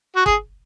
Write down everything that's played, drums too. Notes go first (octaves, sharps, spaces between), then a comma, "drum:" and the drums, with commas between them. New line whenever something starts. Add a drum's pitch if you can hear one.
F#4
G#4, drum: kick